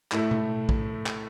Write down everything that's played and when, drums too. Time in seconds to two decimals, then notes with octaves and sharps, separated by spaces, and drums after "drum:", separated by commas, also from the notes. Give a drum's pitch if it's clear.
0.12 A2 A3 E4, drum: clap
0.31 drum: tom B2
0.69 drum: kick A#1
1.06 drum: clap